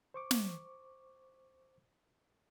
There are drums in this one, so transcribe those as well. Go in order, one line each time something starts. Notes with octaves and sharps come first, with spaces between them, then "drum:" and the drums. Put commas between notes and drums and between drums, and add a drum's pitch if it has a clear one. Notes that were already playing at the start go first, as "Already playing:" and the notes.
C5 C#6 D6
drum: snare